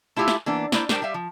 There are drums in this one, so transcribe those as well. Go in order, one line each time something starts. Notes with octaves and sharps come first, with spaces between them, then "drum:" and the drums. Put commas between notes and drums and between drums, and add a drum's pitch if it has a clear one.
A3 E4 F4 G4 E5 G#5
drum: snare
E3 A#3 B3 D4
A#3 E4 C5 D5, drum: snare
G3 D4 G4 A#4 C5 G5, drum: snare
G3 G4 E5 F5
F3